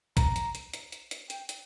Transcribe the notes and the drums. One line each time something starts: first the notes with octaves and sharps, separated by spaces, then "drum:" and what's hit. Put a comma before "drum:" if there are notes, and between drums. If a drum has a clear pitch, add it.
A#5, drum: kick, hi-hat
drum: hi-hat
drum: hi-hat
drum: hi-hat
drum: hi-hat
drum: hi-hat
G5, drum: hi-hat
drum: hi-hat